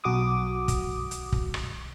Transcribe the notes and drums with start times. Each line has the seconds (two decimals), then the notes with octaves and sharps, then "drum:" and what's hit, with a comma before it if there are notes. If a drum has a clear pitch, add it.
0.04 B1 F#4 D6 D#6
0.68 drum: kick, hi-hat
1.11 drum: hi-hat
1.32 drum: kick
1.54 drum: rim click